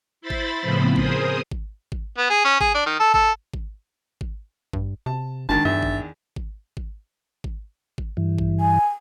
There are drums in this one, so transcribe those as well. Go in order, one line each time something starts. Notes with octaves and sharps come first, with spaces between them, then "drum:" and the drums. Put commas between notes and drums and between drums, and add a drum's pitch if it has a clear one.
E4 C5 B5 A6
drum: kick G#1
A2 C#3 F3 B3 C4 B5
G#4 A#4 C5 D#6, drum: kick G#1
drum: kick G#1
drum: kick G#1
B3
G#4
C#4
G#4, drum: kick G#1
D4
D#3
A4
A4, drum: kick G#1
drum: kick G#1
drum: kick G#1
G2, drum: kick G#1
C3 A5
G1 G#2 D#3 D4 A5 A6
E2 G2 D#3 E5
drum: kick G#1
drum: kick G#1
drum: kick G#1
drum: kick G#1
drum: kick G#1
G2 E3
drum: kick G#1
G#5